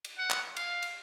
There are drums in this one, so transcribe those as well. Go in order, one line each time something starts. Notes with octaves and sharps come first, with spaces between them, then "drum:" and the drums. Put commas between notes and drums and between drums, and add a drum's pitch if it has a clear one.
drum: cymbal
F#5
drum: clap
F5, drum: cymbal
drum: cymbal